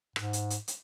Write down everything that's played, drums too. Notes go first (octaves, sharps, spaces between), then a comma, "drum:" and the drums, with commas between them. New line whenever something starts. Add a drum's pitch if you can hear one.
G#2, drum: rim click
drum: hi-hat
drum: hi-hat
drum: hi-hat